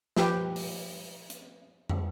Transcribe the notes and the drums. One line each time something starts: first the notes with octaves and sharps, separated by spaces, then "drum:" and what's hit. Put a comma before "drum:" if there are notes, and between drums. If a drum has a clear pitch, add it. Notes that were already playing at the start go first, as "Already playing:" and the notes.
F3 G4 B4, drum: snare
drum: open hi-hat
drum: hi-hat
drum: tom